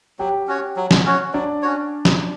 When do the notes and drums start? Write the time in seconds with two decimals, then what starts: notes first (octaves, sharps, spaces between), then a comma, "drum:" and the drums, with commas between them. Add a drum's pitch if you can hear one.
0.19 F#3 G4 G5
0.47 C#4 F#4 C#5
0.76 F#3
0.91 drum: snare
1.05 C#4 F#4 C#5
1.34 F#3 D4 D5
1.62 C#4 F#4 C#5
2.05 drum: snare